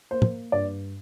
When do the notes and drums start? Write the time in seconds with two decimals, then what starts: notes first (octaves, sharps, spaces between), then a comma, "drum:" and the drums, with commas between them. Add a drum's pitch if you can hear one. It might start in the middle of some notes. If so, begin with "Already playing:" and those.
0.11 A#3 C5
0.22 drum: tom
0.52 G2 D5